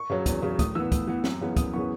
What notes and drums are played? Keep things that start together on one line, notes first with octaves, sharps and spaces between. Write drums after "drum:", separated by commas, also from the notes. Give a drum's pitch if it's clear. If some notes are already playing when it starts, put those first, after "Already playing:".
Already playing: C#6
C#3 F#3
E2, drum: kick, hi-hat
C#3 F#3
A2 D#6, drum: kick, hi-hat
E3 B3 E6
A2, drum: kick, hi-hat
E3 B3
F#2, drum: snare
C#3 E3 B3
F#2 D#6, drum: kick, hi-hat
C#3 E3 B3 C#6